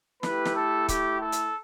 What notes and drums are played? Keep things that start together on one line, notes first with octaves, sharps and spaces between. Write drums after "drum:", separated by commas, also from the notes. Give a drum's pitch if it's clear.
A3 E4 G4 B4, drum: snare
drum: snare
A4
G4, drum: kick C#1, hi-hat
A4
drum: hi-hat